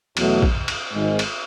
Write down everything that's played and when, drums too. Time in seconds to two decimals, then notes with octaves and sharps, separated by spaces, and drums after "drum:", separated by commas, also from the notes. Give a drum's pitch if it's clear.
0.17 E2 B2 F#3 A3, drum: cymbal
0.42 drum: kick
0.68 drum: cymbal
0.93 G#1 G#2 G#3
1.19 drum: cymbal